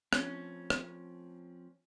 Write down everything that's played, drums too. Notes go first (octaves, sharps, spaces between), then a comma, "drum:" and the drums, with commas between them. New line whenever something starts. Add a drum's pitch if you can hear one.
F3 A3 C4 C#4, drum: rim click
drum: rim click